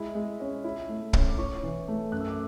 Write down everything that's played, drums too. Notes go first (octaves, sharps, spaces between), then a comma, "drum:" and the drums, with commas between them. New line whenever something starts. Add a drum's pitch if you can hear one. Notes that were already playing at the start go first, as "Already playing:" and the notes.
Already playing: G#3 E4
G#3
C#4
E4
A3
C#4, drum: kick
D6
E4 C#5 C#6
E3
A3
F#2 F#6
E6
D6